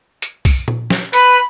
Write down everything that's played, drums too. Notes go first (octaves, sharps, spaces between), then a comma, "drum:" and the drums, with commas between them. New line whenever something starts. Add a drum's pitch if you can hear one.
drum: hi-hat
drum: kick B1, open hi-hat
drum: tom A#2
drum: snare
B4 B5, drum: hi-hat